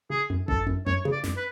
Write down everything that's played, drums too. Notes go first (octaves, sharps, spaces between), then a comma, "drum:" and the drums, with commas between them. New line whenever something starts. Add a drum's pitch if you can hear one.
C#3 G#4
F#2
F#2 A4, drum: kick G#1
F#2
F#2 C#5
C#3
D5
F#2, drum: snare
B4